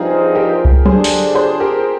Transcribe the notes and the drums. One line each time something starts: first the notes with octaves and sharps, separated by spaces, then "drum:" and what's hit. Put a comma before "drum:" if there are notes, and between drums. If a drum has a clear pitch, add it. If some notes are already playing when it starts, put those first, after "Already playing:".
Already playing: G2 F3 C4 D#4 F4 G#4
G4 A#4
drum: kick C2
D3 G3 D4 G#4 C5, drum: tom F#3
drum: open hi-hat
G#4 C5
G4 A#4